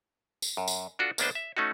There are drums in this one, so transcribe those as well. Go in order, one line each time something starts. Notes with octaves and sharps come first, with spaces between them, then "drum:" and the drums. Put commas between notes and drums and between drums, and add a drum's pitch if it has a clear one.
drum: tambourine
F#2
drum: tambourine
D4 F4 F#4 A4
C#2 A#3 B3 D4 B4 C5, drum: tambourine
E5
A3 C#4 D#4 F#4